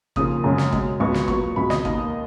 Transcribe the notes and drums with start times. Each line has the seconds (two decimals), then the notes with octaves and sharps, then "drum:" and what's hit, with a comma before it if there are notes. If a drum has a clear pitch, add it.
0.16 D#2 C#3 F3 A#3 D#6, drum: kick
0.44 F#2 C#3 G#3 C#4
0.58 drum: snare
0.72 B2 G#3 C#4, drum: kick
1.00 C#2 B2 G#3 B3 C#6
1.14 drum: snare
1.28 A#2 F#3 B3 C#6, drum: kick
1.56 C#2 B2 G#3 B3 B5
1.70 D#5, drum: snare
1.85 D#2 D#3 A#3, drum: kick